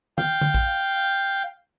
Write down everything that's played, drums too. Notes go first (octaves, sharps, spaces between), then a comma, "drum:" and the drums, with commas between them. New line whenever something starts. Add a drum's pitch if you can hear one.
F5 G5, drum: tom
drum: tom
drum: kick